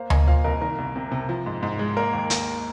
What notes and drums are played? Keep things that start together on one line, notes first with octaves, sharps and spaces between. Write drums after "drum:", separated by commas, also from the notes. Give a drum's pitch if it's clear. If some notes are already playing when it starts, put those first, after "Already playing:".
Already playing: A#3 C5 F5
A#3 D#5 G#5, drum: tom D2
A#2 C5 F5
C2 A#4 D#5
D#3 A#4
C2
C3
C3
F3
G#2
G#2
G#3
A#3 A#4
D#2
D#2, drum: hi-hat